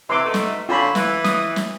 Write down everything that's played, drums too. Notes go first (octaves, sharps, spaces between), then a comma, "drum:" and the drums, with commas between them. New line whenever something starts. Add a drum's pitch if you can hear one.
C3 E3 C6 D6
G#2 B2 A3
drum: snare
D3 C4 C#4 F4 B5
E3, drum: snare
D#6, drum: snare
drum: snare